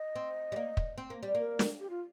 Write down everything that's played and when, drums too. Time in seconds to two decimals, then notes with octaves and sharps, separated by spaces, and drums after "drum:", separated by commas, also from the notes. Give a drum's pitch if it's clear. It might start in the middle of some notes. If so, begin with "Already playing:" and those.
Already playing: D#5
0.15 C4
0.52 G3
0.56 A#3
0.77 drum: kick
0.98 C4
1.10 A#3
1.23 G3
1.35 A#3 A#4
1.59 drum: snare
1.80 G4
1.90 F4